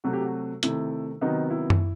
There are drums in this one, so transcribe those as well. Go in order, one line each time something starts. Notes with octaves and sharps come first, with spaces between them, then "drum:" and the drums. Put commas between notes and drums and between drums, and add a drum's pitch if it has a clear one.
C3 F#3 A3 F#4
G4
F#4
C3 D#3 A3 E4, drum: hi-hat
C3 D#3 F#3 B3 D#4
E4
drum: tom F#2